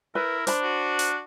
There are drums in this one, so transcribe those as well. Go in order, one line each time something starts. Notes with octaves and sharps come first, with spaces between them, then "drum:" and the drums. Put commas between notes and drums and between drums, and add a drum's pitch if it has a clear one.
E4 A#4 B4
D4 C5 B5, drum: hi-hat
F#4
drum: hi-hat